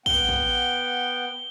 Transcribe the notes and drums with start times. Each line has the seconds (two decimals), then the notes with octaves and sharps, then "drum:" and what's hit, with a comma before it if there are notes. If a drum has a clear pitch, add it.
0.06 B3 F#5 G5 G7, drum: kick
0.29 drum: kick